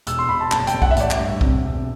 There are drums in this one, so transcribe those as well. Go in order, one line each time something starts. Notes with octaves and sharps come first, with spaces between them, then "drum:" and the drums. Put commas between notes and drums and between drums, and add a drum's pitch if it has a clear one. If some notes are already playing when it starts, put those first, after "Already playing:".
E1 E6, drum: hi-hat
C6
E1 B5
A5
F#1 A5, drum: clap
G5, drum: hi-hat
F#1
F#5, drum: kick B1
E5
A1 D5, drum: hi-hat
E5, drum: clap
G2
C3, drum: kick B1
E1